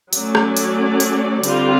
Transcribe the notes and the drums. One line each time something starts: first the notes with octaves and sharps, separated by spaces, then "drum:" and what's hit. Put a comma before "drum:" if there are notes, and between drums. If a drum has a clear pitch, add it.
F#3 A3 C#4 D5, drum: hi-hat
drum: rim click
drum: hi-hat
drum: hi-hat
D3 G3 C4 F4, drum: hi-hat